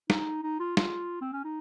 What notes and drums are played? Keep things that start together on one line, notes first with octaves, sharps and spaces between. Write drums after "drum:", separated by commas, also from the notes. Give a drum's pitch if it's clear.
D#4, drum: snare
D#4
F4
F4, drum: snare
C4
C#4
D#4